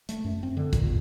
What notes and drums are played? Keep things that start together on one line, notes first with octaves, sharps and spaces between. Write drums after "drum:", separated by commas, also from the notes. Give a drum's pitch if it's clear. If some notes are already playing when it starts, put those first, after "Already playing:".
A3, drum: hi-hat
F#2
C4
D3
A#2, drum: kick, hi-hat
E2